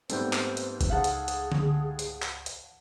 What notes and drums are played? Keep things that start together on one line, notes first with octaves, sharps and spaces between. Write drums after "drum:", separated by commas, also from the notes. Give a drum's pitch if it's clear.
G#2 G3 A3 B3 C4 C5 G6, drum: hi-hat
drum: clap
drum: hi-hat
drum: kick G1, hi-hat
C#2 G#4 F5 F#5 A5
drum: hi-hat
drum: hi-hat
drum: tom D3
drum: hi-hat
drum: clap
drum: hi-hat